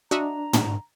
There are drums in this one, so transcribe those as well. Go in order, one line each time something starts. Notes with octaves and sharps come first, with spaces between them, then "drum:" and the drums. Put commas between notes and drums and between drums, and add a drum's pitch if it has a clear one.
D4 F#4 D#5 E5 A#5
drum: tom